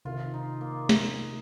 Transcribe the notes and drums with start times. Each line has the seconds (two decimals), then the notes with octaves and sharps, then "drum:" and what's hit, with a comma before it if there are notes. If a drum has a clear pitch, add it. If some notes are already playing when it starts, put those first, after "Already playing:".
0.05 C3 D#3 C4 F4
0.34 D#4
0.61 A#3
0.89 drum: snare